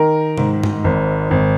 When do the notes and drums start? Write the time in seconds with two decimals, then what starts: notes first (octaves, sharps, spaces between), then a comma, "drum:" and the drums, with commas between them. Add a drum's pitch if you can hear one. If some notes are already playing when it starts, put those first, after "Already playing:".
Already playing: D#3 A#4
0.38 G#2, drum: tom C3
0.63 drum: tom
0.84 G#1
1.31 G#1